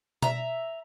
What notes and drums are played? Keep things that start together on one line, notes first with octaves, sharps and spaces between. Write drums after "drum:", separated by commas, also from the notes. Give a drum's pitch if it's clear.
E5 A#5, drum: tom B2